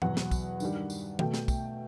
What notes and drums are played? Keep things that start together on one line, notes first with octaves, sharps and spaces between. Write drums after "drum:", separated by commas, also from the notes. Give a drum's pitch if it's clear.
E2 B2 F#3 F#5, drum: tom G2
drum: snare
drum: kick, tambourine
G2 D#3 G3, drum: tambourine
drum: tambourine
B2 A3 G5, drum: tom D#3
drum: snare
drum: kick, tambourine